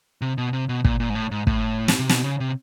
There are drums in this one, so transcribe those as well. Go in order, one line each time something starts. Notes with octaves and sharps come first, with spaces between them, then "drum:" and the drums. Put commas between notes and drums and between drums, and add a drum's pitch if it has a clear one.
C3
B2
C3
B2
A#2, drum: kick
A#2
G#2
A2
G#2
A2, drum: kick
drum: snare
C3
B2, drum: snare
C#3
C3